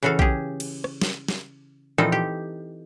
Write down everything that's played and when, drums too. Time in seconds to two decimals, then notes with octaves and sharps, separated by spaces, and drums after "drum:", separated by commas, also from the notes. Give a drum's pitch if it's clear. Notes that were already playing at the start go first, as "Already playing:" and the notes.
0.03 C#3 E3 F#4 A4 F5
0.19 G4 G#4, drum: kick A#1
0.60 drum: cymbal
0.84 drum: rim click
1.02 drum: snare
1.28 drum: snare
1.98 A#2 E3 F3 C4 D#4 A4
2.12 G4